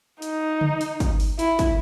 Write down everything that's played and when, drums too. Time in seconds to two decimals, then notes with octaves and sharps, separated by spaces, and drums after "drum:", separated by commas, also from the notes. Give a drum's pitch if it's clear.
0.22 D#4, drum: hi-hat
0.61 drum: tom C#3
0.81 drum: hi-hat
1.00 drum: kick, hi-hat
1.20 drum: open hi-hat
1.39 E4, drum: hi-hat
1.59 drum: kick, hi-hat